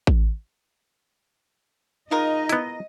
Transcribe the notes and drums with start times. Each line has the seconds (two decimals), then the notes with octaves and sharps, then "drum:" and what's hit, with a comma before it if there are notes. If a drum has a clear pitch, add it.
0.07 drum: kick A1
2.11 G#3 D#4 F4 A#4 D#5
2.49 B3 E4, drum: hi-hat